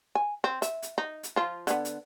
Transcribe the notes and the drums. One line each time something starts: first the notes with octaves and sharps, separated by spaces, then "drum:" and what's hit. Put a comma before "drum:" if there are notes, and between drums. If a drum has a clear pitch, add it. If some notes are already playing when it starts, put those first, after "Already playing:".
G#5
C4
E5, drum: hi-hat
drum: hi-hat
D#4
drum: hi-hat
F3 F4
D3 B3, drum: hi-hat
drum: hi-hat